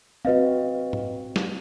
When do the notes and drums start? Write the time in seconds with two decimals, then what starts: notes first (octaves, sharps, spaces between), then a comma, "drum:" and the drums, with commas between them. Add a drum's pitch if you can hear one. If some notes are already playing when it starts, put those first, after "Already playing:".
0.25 C4 F#4 B4 D#5 F5
0.93 drum: tom
1.36 drum: snare